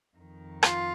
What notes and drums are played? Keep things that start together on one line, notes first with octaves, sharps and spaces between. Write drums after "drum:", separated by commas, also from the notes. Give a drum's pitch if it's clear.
F2 D#3
F4, drum: rim click